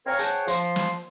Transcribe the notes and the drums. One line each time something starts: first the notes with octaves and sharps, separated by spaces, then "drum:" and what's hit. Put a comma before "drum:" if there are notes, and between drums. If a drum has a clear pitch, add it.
C4 A#4 C#5 F5 G#5 A#5
G#4 C5 C#5 F#5 G5 A5, drum: hi-hat
F3 C6, drum: hi-hat
drum: snare